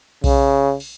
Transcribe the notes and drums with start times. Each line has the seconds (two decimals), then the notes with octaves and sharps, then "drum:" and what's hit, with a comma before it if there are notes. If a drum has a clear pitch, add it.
0.24 C#3, drum: kick B1, cymbal
0.80 drum: cymbal